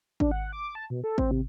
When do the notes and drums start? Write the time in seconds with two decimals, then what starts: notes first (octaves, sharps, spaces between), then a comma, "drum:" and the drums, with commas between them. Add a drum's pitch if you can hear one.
0.20 D4, drum: kick G#1
0.31 F#5
0.52 D6
0.75 A5
0.90 B2
1.04 A4
1.18 C4, drum: kick G#1
1.31 C3